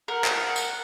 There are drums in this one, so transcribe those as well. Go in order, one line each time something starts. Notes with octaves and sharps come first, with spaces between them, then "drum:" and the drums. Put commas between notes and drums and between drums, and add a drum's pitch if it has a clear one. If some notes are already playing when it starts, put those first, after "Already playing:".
A#4 F#5
drum: clap
drum: tambourine